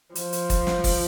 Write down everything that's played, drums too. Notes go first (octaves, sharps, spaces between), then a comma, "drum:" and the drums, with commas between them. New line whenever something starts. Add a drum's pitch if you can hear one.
F3, drum: hi-hat
drum: hi-hat
drum: kick, hi-hat
drum: snare
drum: kick, open hi-hat